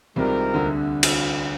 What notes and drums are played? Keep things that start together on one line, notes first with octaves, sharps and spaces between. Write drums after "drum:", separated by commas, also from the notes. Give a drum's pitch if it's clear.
C2 C3 D#3 G#3 C4 F4 A#4
D2 D3
drum: cymbal